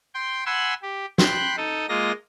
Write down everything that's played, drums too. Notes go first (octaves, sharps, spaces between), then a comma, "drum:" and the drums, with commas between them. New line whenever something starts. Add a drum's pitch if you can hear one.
G5 C6
F#5 G#5 B5 C6 E6
G4
G5 B5 C6 F#6, drum: snare
D#4 A4 D#5
G#3 A#3 F4 D#5 A#6